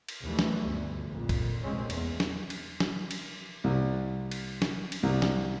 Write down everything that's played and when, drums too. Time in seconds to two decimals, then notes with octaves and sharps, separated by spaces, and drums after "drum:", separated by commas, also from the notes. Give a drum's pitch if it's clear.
0.08 drum: cymbal
0.22 D#2 E3 F3 G3 A3
0.39 drum: snare
0.62 G1 D2
1.07 A#1 F2 A#2
1.29 drum: kick, cymbal
1.62 F1 A#1 G#3 A#3 C4 C#4
1.90 E2, drum: cymbal
2.20 drum: snare
2.50 drum: cymbal
2.80 drum: snare
3.11 drum: cymbal
3.64 C2
4.32 drum: cymbal
4.62 drum: snare
4.92 drum: cymbal
5.03 C2
5.22 drum: snare